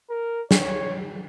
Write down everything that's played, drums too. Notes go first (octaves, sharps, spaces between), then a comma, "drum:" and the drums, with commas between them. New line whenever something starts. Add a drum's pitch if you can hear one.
A#4
C#5, drum: snare